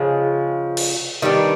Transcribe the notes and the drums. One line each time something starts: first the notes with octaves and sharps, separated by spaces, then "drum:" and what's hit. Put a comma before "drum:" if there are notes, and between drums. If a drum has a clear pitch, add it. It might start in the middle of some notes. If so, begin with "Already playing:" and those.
Already playing: C#3 F3 G#3
drum: cymbal
D#3 G3 B3 D4